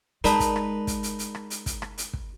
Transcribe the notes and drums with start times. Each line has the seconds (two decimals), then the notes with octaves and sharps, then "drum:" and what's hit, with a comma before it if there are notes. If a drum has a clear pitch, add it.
0.24 G#3 D#4 A#4 B4 D5 A5, drum: hi-hat
0.40 drum: kick, hi-hat
0.56 drum: rim click
0.87 drum: kick, hi-hat
1.03 drum: hi-hat
1.19 drum: hi-hat
1.35 drum: rim click
1.50 drum: hi-hat
1.66 drum: kick, hi-hat
1.82 drum: rim click
1.98 drum: hi-hat
2.13 drum: kick